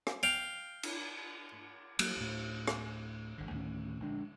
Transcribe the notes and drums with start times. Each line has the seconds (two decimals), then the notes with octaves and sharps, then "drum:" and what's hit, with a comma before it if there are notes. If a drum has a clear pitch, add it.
0.07 drum: rim click
0.23 F5 G5
0.83 drum: cymbal
1.99 F#3 A#3, drum: cymbal
2.17 D2 A2
2.67 drum: rim click
3.38 G#1 D3
3.51 D2 A2 D#3 C#4
4.00 A#1 D3 G#3 D4